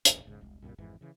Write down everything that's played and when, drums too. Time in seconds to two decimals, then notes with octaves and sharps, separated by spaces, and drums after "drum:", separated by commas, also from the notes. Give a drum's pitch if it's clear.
0.05 D1 A1 E2 A#2, drum: hi-hat
0.25 E1 G#2 C#3
0.41 E1 C2 G#3
0.62 C2 F#2 A#2 G3
0.78 G#1 F2 G#2 E3
1.01 C#3 E3